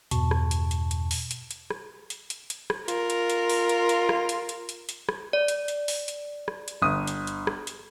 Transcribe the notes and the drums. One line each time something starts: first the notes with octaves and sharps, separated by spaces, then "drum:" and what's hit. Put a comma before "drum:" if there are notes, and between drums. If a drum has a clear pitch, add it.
E2 G2 B2 A5 C#6, drum: hi-hat
drum: rim click
drum: hi-hat
drum: hi-hat
drum: hi-hat
drum: open hi-hat
drum: hi-hat
drum: hi-hat
drum: rim click
drum: hi-hat
drum: hi-hat
drum: hi-hat
drum: rim click
F4 A#4, drum: hi-hat
drum: hi-hat
drum: hi-hat
drum: open hi-hat
drum: hi-hat
drum: hi-hat
drum: rim click
drum: hi-hat
drum: hi-hat
drum: hi-hat
drum: hi-hat
drum: rim click
D5
drum: hi-hat
drum: hi-hat
drum: open hi-hat
drum: hi-hat
drum: rim click
drum: hi-hat
G1 D#6
drum: hi-hat
drum: hi-hat
drum: rim click
drum: hi-hat